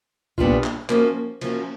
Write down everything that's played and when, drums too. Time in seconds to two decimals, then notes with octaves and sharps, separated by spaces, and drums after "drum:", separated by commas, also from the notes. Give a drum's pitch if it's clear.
0.38 A#2 G3 B3 D4 F4, drum: kick A#1
0.64 drum: clap
0.89 F3 A#3 C#4 F#4, drum: clap
1.41 F3 A#3 C#4 F#4, drum: cymbal